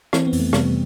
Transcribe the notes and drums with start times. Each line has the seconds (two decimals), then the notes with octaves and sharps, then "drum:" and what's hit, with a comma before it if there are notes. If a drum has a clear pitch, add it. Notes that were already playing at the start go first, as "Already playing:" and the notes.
0.13 E3 C4, drum: rim click
0.27 B3
0.33 F2, drum: open hi-hat
0.40 A3
0.53 C3 G3 B3, drum: rim click